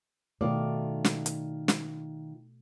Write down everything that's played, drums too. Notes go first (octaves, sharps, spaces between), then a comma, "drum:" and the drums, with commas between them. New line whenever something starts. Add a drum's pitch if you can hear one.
B2 D#3 A3 F4 D5
drum: snare
drum: hi-hat
drum: snare